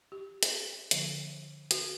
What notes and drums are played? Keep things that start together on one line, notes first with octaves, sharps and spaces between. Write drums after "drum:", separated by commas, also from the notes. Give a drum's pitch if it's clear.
G4
drum: hi-hat
D3 F3 A#3, drum: hi-hat
F#4, drum: hi-hat